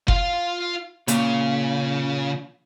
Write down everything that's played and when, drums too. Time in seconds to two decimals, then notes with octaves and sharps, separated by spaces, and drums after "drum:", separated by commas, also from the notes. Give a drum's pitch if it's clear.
0.08 F4 F5, drum: kick F#1
1.08 A#2 C#3, drum: hi-hat